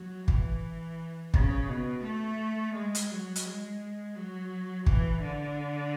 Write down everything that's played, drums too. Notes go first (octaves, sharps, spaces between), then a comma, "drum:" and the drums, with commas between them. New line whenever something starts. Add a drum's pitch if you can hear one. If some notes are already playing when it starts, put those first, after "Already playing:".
Already playing: F#3
E3, drum: kick
C#3, drum: kick
B2
A3
G#3
drum: hi-hat
F#3
drum: hi-hat
G#3
F#3
E3, drum: kick
D3